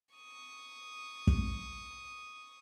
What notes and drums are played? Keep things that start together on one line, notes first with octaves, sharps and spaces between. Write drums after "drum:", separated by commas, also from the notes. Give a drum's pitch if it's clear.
C#6 D#6
drum: kick